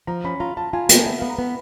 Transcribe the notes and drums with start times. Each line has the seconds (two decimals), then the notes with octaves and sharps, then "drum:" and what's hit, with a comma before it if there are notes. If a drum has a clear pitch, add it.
0.07 F3 A#5
0.24 C#4 B5
0.40 F4 A#5
0.57 F4 A5
0.73 F4 G#5
0.89 A3 G5, drum: hi-hat
1.06 B3 E5
1.19 B3 F5
1.30 A#5
1.39 B3 B5